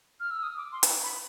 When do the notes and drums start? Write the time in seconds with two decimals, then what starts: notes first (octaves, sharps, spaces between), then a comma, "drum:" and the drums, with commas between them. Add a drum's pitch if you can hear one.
0.20 F6
0.31 E6
0.43 D#6
0.57 D6
0.72 C6
0.83 drum: hi-hat
1.04 B5